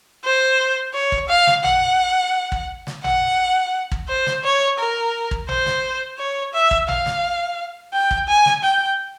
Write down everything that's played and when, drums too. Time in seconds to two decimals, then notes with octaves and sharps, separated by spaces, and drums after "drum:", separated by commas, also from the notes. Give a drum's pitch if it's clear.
0.25 C5
0.94 C#5
1.12 drum: kick
1.29 F5
1.47 drum: snare
1.64 F#5, drum: tom A1
2.52 drum: kick
2.87 drum: snare
3.04 F#5, drum: tom A1
3.92 drum: kick
4.09 C5
4.26 drum: snare
4.44 C#5
4.79 A#4
5.31 drum: kick
5.48 C5, drum: tom A1
5.66 drum: snare
6.18 C#5
6.54 E5
6.71 drum: kick
6.88 F5, drum: tom A1
7.06 drum: snare
7.94 G5
8.11 drum: kick
8.28 G#5
8.46 drum: snare
8.63 G5